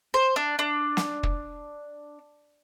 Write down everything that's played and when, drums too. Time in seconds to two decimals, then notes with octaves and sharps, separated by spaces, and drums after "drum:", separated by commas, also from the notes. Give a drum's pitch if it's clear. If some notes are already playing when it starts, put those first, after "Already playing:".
0.14 C5
0.36 D4
0.59 D4
0.97 drum: snare
1.23 drum: kick